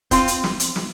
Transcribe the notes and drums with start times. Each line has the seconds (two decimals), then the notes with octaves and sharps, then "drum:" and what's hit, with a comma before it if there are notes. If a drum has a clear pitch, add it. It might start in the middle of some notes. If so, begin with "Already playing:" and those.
0.11 C4 F4 C6, drum: kick, hi-hat
0.28 drum: hi-hat
0.44 drum: snare
0.60 drum: hi-hat
0.76 drum: snare